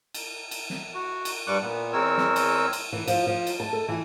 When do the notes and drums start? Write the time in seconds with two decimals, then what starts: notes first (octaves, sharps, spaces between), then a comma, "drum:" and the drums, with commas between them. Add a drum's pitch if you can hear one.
0.14 drum: cymbal
0.51 drum: cymbal
0.70 drum: snare
0.94 F#4
1.25 drum: cymbal
1.47 G2 G3 C#6 D6 F#6
1.62 A#2 B3
1.93 E2 G#3 C4 A#4 C#5 E6
2.17 drum: snare
2.36 drum: cymbal
2.73 drum: cymbal
2.93 E3
3.08 F3, drum: cymbal
3.27 F3
3.47 drum: cymbal
3.60 A5
3.73 A4
3.88 E3